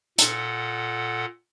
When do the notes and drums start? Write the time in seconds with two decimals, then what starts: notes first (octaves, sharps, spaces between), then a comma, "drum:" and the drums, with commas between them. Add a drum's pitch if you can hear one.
0.18 A#2 A4 F#5, drum: hi-hat